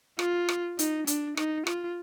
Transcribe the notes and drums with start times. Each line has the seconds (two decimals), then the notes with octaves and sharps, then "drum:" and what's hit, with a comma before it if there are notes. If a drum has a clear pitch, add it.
0.19 F4, drum: rim click
0.49 drum: rim click
0.79 D#4, drum: hi-hat
1.07 D4, drum: hi-hat
1.37 D#4, drum: rim click
1.67 F4, drum: rim click